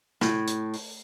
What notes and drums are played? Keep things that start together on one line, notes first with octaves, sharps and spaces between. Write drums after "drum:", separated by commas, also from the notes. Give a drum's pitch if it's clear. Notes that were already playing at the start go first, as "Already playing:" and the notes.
A2, drum: snare
drum: hi-hat
drum: open hi-hat